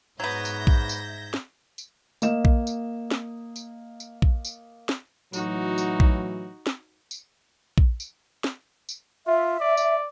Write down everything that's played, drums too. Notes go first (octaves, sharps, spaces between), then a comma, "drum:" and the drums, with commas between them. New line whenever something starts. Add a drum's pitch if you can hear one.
G#2 F#3 B3 E5 G6 G#6 A#6 B6
drum: tambourine
drum: kick A#1
drum: tambourine
drum: snare
drum: tambourine
A#3 D#5 E7, drum: tambourine
drum: kick A#1
drum: tambourine
drum: snare
drum: tambourine
drum: tambourine
drum: kick A#1
drum: tambourine
drum: snare
A2 E3 F#3 D#4 F#4, drum: tambourine
drum: tambourine
drum: kick A#1
drum: snare
drum: tambourine
drum: kick A#1
drum: tambourine
drum: snare
drum: tambourine
F4 E5
D5
drum: tambourine